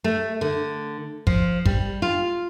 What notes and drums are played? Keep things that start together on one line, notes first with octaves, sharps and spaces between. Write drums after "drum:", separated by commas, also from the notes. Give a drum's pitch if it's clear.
A3
D3
F3, drum: kick
G3, drum: kick
F4